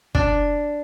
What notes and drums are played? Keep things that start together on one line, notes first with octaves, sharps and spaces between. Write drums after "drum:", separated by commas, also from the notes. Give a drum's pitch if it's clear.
D4, drum: kick